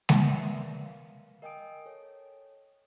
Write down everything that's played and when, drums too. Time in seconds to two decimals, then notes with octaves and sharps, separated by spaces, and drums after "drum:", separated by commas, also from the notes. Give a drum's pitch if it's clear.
0.09 drum: snare G#3
0.23 A#4 B4 D5 E5
0.85 F5
1.42 A#4 D#5 G5 G#5 D#6 D7
1.86 A4 C#5